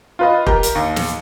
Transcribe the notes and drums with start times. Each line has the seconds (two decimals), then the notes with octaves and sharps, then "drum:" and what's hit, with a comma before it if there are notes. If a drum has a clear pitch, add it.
0.19 F4 B4 D#5
0.46 G4 A#4, drum: kick E1
0.63 drum: hi-hat
0.75 D#2
0.96 drum: snare